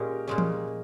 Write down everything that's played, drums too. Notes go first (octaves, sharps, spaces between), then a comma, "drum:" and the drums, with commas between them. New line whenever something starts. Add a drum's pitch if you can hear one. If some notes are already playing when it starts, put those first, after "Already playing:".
Already playing: A#2 G#3 C#4 G4 A#4
A#2 G#3 C#4
drum: tom E3